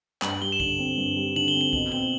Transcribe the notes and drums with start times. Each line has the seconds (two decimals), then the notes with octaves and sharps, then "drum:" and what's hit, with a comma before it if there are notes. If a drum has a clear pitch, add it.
0.22 G2 F#7, drum: clap
0.41 G3 G7
0.52 E7
0.60 D3 F#7, drum: kick C2
0.79 C4
0.98 G2
1.16 G3
1.36 D3 F#7
1.48 G7
1.54 C4
1.61 F#7
1.73 B2 F#7, drum: kick C2
1.92 C4 G7